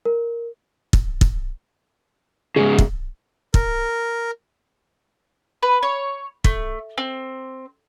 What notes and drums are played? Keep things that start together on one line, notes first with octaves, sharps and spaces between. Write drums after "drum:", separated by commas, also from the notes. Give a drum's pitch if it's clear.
A#4
drum: kick
drum: kick
G#2 C#3 G#4
drum: kick
A#4, drum: kick
B4
C#5
A3, drum: kick
C4